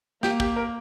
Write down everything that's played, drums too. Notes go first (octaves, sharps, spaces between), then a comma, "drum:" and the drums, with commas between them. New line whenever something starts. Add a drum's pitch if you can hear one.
A#3 G4, drum: snare
G4, drum: kick
A#4